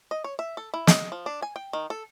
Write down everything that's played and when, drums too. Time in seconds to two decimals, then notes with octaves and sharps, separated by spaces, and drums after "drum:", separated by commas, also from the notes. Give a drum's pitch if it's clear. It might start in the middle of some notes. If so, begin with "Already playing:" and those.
0.11 D#5
0.24 C#5
0.39 E5
0.57 A4
0.74 E4
0.87 D#5, drum: snare
1.12 F3
1.26 D4
1.42 G#5
1.56 G5
1.73 D#3
1.90 A4